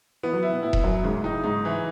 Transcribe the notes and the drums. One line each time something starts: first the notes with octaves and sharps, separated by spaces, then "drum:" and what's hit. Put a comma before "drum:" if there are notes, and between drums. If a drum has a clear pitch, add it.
E3 B3
F#3
E4
B2
A2 E4
drum: kick E1
F#2 F#3
G#2 C#3
A2 D#4
G#2 D#4
E3